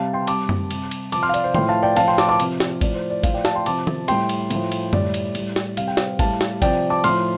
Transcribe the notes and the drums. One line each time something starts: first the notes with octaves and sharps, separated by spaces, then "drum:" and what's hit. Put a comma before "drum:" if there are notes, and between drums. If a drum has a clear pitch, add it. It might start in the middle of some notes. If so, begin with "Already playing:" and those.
Already playing: C3 G3 F5 A5
G5 C6
C3 G3 A5 D6, drum: cymbal
drum: tom F#2
C3 G3, drum: cymbal
drum: cymbal
C3 F3 A5 D6, drum: cymbal
C6 F6
F5
D5, drum: cymbal
C5
A2 F3 G5 C6, drum: tom D#3
F5 A5
D5 G5
A2 F3 F5 A5, drum: cymbal
G5 C6
A5 D6, drum: snare
A5 D6
C3 F3, drum: cymbal
drum: snare
A2 F3 D5, drum: kick G#1, cymbal
C5
D5
A2 F3 C5 F5, drum: kick G#1, cymbal
D5 G5
F5 A5, drum: snare
G5 C6
C3 F3 A5 D6, drum: cymbal
drum: tom D#3
A2 G3 G5 C6, drum: cymbal
drum: cymbal
A2 F3, drum: cymbal
drum: cymbal
A2 G3 D5, drum: tom F#2
drum: cymbal
A2 G3, drum: cymbal
drum: snare
C3 G3 F5, drum: cymbal
G5
C5 F5, drum: snare
A2 G3 F5 A5, drum: kick G#1, cymbal
drum: snare
C3 F3 D5 G5, drum: kick G#1, cymbal
A5 D6
A2 F3 C6 F6, drum: cymbal